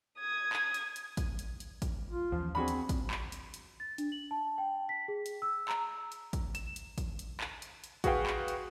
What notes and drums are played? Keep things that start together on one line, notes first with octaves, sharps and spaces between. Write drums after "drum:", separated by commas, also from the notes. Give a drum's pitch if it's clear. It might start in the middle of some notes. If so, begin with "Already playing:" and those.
D#6 G#6
drum: clap
drum: hi-hat
drum: hi-hat
drum: kick, hi-hat
drum: hi-hat
drum: hi-hat
drum: kick, hi-hat
F4
D#2 E3 F3 C#4
C4 D4 F#4 G#4 B5
drum: hi-hat
drum: kick, hi-hat
drum: clap
drum: hi-hat
drum: hi-hat
A6
D4, drum: hi-hat
F#7
A5
G5
B6
G#4
drum: hi-hat
E6
A#5, drum: clap
drum: hi-hat
drum: kick, hi-hat
E7, drum: hi-hat
drum: hi-hat
drum: kick, hi-hat
drum: hi-hat
drum: clap
drum: hi-hat
drum: hi-hat
F#4 G#4 B4 F5 G5, drum: kick, hi-hat
drum: clap
drum: hi-hat